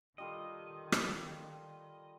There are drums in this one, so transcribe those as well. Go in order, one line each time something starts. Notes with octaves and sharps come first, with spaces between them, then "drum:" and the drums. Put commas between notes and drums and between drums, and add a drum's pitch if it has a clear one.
D#3 G3 F4 A4 D#5
drum: rim click